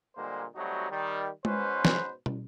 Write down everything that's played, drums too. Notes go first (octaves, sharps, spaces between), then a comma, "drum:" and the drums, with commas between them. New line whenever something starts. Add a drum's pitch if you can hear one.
A#2 D3 G3 G#3 A#3 C5
F#3 G3 A3 C4 D#4 F#4
D#3 G3
G#2 B2 C#4 B4 C5, drum: tom G#3
drum: snare
drum: tom